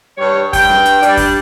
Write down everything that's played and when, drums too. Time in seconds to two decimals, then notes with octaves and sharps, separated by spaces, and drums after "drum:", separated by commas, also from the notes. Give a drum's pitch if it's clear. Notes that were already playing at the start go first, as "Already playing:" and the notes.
0.18 G2 G3 C#5
0.53 G2 G5, drum: kick, open hi-hat
0.69 drum: snare
0.85 drum: hi-hat
1.03 G3 D4, drum: hi-hat
1.17 drum: kick, open hi-hat